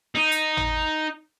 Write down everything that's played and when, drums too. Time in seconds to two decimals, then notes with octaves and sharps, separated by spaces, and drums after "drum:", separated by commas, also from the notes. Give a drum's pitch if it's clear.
0.15 D#4
0.32 drum: hi-hat
0.57 drum: tom